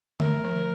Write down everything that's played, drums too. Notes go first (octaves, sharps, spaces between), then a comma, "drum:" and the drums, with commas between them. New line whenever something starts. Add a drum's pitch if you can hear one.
A3 A#4, drum: tom D3
F3